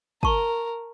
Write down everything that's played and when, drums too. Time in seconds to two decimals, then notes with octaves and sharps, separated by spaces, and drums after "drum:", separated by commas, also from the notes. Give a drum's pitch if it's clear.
0.23 A#4 A5 C#6, drum: kick